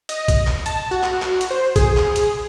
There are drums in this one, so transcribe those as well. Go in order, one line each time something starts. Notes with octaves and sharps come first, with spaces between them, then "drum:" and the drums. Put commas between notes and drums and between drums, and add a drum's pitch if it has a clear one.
D#5, drum: hi-hat
drum: kick B1, hi-hat
drum: clap
A5, drum: hi-hat
F#4
drum: clap
drum: clap
drum: hi-hat
C5
G#4, drum: kick B1, hi-hat
drum: clap
drum: hi-hat